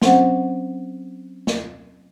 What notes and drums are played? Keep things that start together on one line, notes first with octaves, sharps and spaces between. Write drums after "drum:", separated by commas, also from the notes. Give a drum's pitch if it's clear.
F#3 C4 C#4 C5 F#5, drum: snare
drum: snare